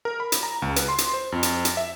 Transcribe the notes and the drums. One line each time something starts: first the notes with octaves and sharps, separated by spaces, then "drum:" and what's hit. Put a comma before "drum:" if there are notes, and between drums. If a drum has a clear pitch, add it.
A#4
B5
drum: hi-hat
A#5
C#2
B4, drum: hi-hat
C6
drum: hi-hat
C5
F2
drum: hi-hat
drum: hi-hat
E5